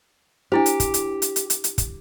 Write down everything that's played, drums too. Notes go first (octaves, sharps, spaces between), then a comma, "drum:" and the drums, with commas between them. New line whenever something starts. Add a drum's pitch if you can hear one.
D4 E4 G4 C5
drum: hi-hat
drum: kick, hi-hat
drum: hi-hat
drum: hi-hat
drum: hi-hat
drum: hi-hat
drum: hi-hat
drum: kick, hi-hat